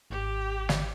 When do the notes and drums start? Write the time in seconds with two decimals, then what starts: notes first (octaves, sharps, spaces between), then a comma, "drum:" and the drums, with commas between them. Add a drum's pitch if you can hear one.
0.10 G#1 G4
0.69 drum: snare